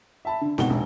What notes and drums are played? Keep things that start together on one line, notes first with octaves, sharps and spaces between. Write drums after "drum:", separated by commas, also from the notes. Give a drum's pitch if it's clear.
E5 A5 B5
D3
G#1 B2 C4 F#5 G7, drum: snare C4
E1 A#1